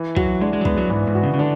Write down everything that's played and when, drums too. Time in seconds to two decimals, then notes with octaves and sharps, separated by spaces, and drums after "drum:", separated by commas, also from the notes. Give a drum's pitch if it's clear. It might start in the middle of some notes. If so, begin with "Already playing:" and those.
Already playing: E3
0.16 F#3 F#4, drum: kick
0.41 G#3 D4
0.53 G#3
0.61 F#3
0.65 G#3 B3, drum: kick
0.78 F#3
0.90 G#2 E3
1.07 G#2
1.15 F#4
1.23 C#3
1.34 C#3
1.39 D3 D4